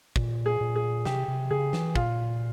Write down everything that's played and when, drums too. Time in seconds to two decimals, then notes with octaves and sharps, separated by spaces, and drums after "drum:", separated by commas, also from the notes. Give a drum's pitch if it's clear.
0.16 A#2, drum: kick
0.46 G#4
0.61 A#2
0.76 G#4
1.05 C3 G4, drum: snare
1.28 C3
1.51 C#3 G#4
1.73 E3, drum: snare
1.95 A#2 F4, drum: kick